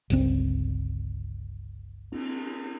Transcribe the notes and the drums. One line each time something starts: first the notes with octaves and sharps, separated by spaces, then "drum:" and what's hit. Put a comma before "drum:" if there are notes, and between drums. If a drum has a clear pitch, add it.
G1 C#2 C4, drum: hi-hat
drum: cymbal